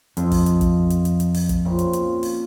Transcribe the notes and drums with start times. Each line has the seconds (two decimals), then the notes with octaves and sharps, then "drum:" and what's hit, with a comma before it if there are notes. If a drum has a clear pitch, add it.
0.17 F2 F4 D#5, drum: hi-hat
0.32 drum: kick, open hi-hat
0.46 drum: hi-hat
0.61 drum: kick, hi-hat
0.90 drum: hi-hat
1.05 drum: hi-hat
1.20 drum: hi-hat
1.34 drum: open hi-hat
1.49 drum: kick, hi-hat
1.65 A#2 C#3 C4
1.79 drum: hi-hat
1.93 drum: hi-hat
2.23 drum: open hi-hat